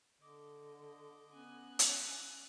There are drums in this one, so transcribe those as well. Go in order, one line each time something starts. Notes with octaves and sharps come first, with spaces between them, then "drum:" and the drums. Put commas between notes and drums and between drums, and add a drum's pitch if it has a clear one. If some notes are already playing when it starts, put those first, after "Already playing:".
D3 D#5 D6
B3 C#4 G#5 F#6
drum: hi-hat